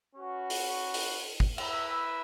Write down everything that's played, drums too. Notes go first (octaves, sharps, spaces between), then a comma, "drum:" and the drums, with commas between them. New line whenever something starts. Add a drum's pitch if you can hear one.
C#4 F#4 B4
drum: open hi-hat
drum: open hi-hat
drum: kick
E4 B4 E5, drum: cymbal